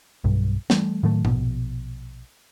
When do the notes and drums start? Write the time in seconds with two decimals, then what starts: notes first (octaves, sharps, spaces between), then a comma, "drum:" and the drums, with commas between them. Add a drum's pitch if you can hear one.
0.24 B1 G2
0.70 E3 G3 A3, drum: snare
1.03 A2 D#3 F#3 A3
1.25 A#1 B2, drum: tom